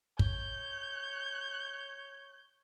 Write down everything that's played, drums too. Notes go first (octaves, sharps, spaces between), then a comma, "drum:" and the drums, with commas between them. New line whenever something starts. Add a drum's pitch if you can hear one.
C#5 G6, drum: kick